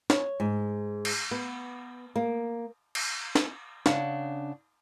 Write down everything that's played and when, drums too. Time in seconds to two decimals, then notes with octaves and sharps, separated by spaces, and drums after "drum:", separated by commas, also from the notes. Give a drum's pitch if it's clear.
0.10 C#5, drum: snare
0.40 G#2
1.05 drum: cymbal
1.31 B3
2.16 A#3
2.95 drum: cymbal
3.35 drum: snare
3.86 C#3 D4 F#5, drum: snare